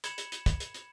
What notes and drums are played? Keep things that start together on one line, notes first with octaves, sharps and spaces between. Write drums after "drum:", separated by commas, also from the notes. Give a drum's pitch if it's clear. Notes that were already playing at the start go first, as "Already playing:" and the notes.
B5 G#6 C#7 E7 F#7, drum: hi-hat
drum: hi-hat
drum: hi-hat
drum: kick, hi-hat
drum: hi-hat
drum: hi-hat